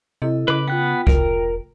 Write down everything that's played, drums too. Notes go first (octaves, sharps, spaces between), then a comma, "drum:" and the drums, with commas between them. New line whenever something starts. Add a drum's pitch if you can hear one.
C3 E4 A4 D#5
C#3 B4 D6
B3 F4 G5 F#6
E1 A#4, drum: kick C2